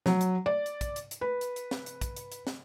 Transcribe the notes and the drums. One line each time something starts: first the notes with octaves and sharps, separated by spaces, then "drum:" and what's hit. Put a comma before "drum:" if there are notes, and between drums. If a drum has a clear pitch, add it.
F#3, drum: snare
drum: hi-hat
D5
drum: hi-hat
drum: kick, hi-hat
drum: hi-hat
drum: hi-hat
B4
drum: hi-hat
drum: hi-hat
drum: snare
drum: hi-hat
drum: kick, hi-hat
drum: hi-hat
drum: hi-hat
drum: snare